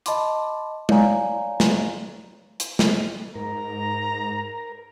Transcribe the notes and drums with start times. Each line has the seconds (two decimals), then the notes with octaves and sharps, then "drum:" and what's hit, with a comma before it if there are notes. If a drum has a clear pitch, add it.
0.06 D#5 A5 B5 C6 D6, drum: hi-hat
0.89 C#5 D5 F5 G#5 A#5, drum: tom G#3
1.60 drum: snare
2.60 drum: hi-hat
2.79 drum: snare
3.35 G#2 A#4 A#5